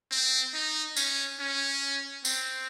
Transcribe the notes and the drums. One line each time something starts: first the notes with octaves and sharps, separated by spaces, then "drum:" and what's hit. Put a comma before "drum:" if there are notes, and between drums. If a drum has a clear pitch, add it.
C4
D#4
C#4, drum: tambourine
C#4
C4, drum: tambourine